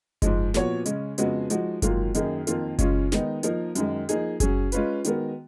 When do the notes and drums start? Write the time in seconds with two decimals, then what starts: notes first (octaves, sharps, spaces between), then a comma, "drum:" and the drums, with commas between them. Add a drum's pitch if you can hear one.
0.22 G#2 F3 G#3, drum: kick F#1, hi-hat
0.54 A#2 F3 B3 F#4 C#5, drum: snare
0.85 C#3 G#3 C#4, drum: hi-hat
1.18 F2 C#3 G#3 B3 F#4, drum: hi-hat
1.50 F3 G#3 D#4 F#4, drum: hi-hat
1.82 G#2 D#3 F#3 A#3 F4, drum: kick F#1, hi-hat
2.15 F#2 D#3 A#3 D#4 G#4, drum: hi-hat
2.47 F2 D#3 A#3 F4, drum: hi-hat
2.79 C#3 G#3 C#4 F4, drum: kick F#1, hi-hat
3.12 D#3 G#3 B3 D#4, drum: snare
3.43 F3 A#3 D#4 A#4, drum: hi-hat
3.75 F#2 D#3 G#3, drum: hi-hat
4.09 F3 A#3 D#4 G#4, drum: hi-hat
4.40 F#3 C#4 G#4, drum: kick F#1, hi-hat
4.72 G#3 C#4 F4 B4, drum: hi-hat
5.04 D#3 G#3 B3 F#4 A#4, drum: hi-hat